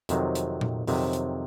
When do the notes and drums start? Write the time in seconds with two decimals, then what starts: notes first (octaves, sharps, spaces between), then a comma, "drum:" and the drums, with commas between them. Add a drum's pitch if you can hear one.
0.09 F2 C3 D#3 F#3, drum: hi-hat
0.35 drum: hi-hat
0.61 drum: tom A#2
0.87 F2 C3 D#3 F#3, drum: open hi-hat
1.13 drum: hi-hat